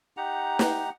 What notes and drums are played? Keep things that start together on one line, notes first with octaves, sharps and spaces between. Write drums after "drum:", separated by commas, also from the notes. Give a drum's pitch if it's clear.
D#4 G4 F#5 A#5
drum: snare